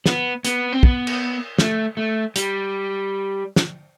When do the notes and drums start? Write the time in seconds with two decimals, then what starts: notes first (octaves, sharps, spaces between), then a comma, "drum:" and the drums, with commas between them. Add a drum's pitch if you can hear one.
0.06 B3, drum: snare
0.45 B3, drum: hi-hat
0.72 C4
0.83 B3, drum: kick
1.07 drum: cymbal
1.59 A3, drum: snare
1.97 A3
2.36 G3, drum: hi-hat
3.56 drum: snare